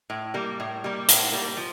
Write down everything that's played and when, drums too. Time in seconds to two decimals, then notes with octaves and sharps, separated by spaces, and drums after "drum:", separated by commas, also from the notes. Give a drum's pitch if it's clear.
0.10 A2
0.34 G3 A#3
0.60 A2
0.84 G3 A#3
1.09 A2, drum: hi-hat
1.33 G3 A#3
1.57 F3